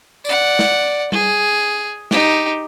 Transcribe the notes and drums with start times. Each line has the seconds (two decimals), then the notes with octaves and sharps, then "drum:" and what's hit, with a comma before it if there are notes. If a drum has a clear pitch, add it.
0.25 D5 F#5, drum: tambourine
0.59 drum: snare
1.12 G#4, drum: tom G3
2.11 D#4 G4, drum: snare